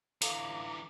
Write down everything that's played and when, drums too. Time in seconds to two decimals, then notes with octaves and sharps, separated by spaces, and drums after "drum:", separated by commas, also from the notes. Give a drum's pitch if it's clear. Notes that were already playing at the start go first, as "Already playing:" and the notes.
0.22 D3 E3 A4 F5 A#5 D6 D#6, drum: hi-hat